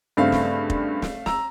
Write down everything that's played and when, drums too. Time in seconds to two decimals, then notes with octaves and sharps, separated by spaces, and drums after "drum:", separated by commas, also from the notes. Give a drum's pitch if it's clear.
0.17 G2 C#3 A3 C4 F5
0.32 drum: snare
0.70 drum: kick F1
1.02 drum: snare
1.26 A#5 E6, drum: snare